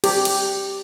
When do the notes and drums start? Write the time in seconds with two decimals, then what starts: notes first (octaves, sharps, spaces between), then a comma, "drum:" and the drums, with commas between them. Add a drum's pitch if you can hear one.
0.04 G4, drum: cymbal
0.25 drum: cymbal